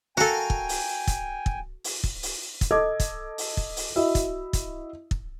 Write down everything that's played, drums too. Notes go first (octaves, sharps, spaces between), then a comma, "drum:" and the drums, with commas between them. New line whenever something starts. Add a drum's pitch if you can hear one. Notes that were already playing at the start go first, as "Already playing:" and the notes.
F#4 A4 A#4 F5 G5 G#5
drum: kick
drum: open hi-hat
drum: kick, hi-hat
drum: kick
drum: open hi-hat
drum: kick
drum: open hi-hat
drum: kick, hi-hat
A4 D#5 D6 G#6
drum: kick, hi-hat
drum: open hi-hat
drum: kick
drum: open hi-hat
E4 F#4 D#5 E5
drum: kick, hi-hat
drum: kick, hi-hat
drum: kick